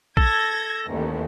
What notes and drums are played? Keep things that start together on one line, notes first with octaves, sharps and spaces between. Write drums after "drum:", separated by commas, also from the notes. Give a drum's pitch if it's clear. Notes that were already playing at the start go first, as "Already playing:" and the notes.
A4 G#6 A#6, drum: kick
A1 D#2